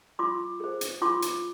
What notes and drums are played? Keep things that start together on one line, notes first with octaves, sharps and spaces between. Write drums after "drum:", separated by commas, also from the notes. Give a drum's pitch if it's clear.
F4 C6 D6
G#4 C5
drum: hi-hat
F4 C6 D6
drum: hi-hat